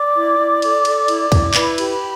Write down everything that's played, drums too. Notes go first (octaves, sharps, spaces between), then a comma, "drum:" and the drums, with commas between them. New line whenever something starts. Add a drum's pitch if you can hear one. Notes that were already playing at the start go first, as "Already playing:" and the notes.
Already playing: D5 D6
E4
E4
A4, drum: cymbal
A4, drum: cymbal
E4, drum: cymbal
E4, drum: kick, cymbal
E4 B4 B5, drum: clap
G4, drum: cymbal